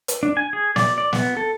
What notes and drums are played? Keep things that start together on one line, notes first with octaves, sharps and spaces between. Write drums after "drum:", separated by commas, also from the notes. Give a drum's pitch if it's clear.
drum: hi-hat
D4
G#5
G#4
D5, drum: snare
D5
B3, drum: snare
A4